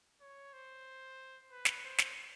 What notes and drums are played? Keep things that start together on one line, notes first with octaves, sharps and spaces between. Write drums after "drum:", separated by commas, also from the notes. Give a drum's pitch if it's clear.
C#5
C5
B4
drum: snare
C5
drum: snare